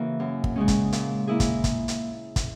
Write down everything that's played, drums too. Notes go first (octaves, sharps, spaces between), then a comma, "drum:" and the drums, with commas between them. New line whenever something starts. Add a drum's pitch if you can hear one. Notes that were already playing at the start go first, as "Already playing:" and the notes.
Already playing: C#3 E3 A#3 F#4
F#2
drum: kick
C#3 G#3 C#4
drum: kick, hi-hat
A#2, drum: hi-hat
A#3 E4 G#4
drum: kick, hi-hat
drum: kick, hi-hat
drum: hi-hat
drum: kick, hi-hat